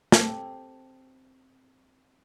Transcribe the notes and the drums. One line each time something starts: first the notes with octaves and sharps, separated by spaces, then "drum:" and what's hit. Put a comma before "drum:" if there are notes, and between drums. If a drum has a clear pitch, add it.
C4 G4 A4 G5, drum: snare